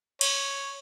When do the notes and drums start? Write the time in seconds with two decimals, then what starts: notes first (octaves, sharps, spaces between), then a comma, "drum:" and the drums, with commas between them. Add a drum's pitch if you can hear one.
0.21 C#5, drum: cymbal